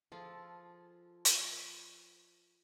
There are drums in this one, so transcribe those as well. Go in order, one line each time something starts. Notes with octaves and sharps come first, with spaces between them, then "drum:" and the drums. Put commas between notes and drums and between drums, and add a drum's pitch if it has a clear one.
F3 F4 G#4 A4
drum: hi-hat